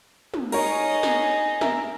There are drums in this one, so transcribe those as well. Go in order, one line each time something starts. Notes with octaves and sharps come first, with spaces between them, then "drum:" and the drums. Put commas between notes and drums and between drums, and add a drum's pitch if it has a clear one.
drum: tom
D#4 G#4 A#4 C#5, drum: cymbal
drum: snare
A#4 E5, drum: snare